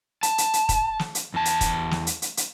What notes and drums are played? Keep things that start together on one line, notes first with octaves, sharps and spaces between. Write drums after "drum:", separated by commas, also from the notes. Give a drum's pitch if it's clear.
A5, drum: hi-hat
drum: hi-hat
drum: hi-hat
drum: kick, hi-hat
drum: snare
drum: hi-hat
E2 A5
drum: hi-hat
drum: kick, hi-hat
drum: snare
drum: hi-hat
drum: hi-hat
drum: hi-hat